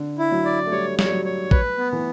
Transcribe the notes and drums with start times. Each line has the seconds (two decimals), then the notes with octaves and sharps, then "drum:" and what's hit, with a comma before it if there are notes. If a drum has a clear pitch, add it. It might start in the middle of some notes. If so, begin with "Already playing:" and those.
Already playing: D3
0.19 E4
0.32 F#3
0.45 D5
0.66 A3
0.71 G3 C#5
0.99 C#5, drum: snare
1.04 G3
1.11 F#3
1.25 C#5
1.51 B4, drum: kick
1.78 B3
1.92 E3